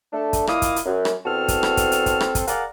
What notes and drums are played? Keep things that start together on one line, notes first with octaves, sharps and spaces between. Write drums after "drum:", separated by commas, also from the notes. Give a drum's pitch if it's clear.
A3 D4 A4
drum: kick, hi-hat
A#2 E4 D#5 F5 D6 D#6, drum: rim click
drum: kick, hi-hat
drum: hi-hat
F#2
drum: rim click
E2 C4 F#4 A4 A5 F6
drum: kick, hi-hat
drum: rim click
drum: kick, hi-hat
drum: hi-hat
drum: kick, hi-hat
drum: rim click
drum: kick, hi-hat
G#4 A#4 D5 F5 F#5, drum: hi-hat